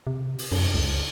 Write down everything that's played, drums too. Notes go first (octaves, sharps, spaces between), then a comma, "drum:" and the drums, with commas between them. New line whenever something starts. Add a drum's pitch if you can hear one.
C3
drum: open hi-hat
F#2, drum: cymbal
C#2